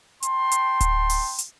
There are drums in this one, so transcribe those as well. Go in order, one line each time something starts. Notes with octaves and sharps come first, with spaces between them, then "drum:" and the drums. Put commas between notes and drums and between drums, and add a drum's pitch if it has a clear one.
G5 A5 C6, drum: hi-hat
drum: hi-hat
drum: kick D1, hi-hat
drum: open hi-hat
drum: hi-hat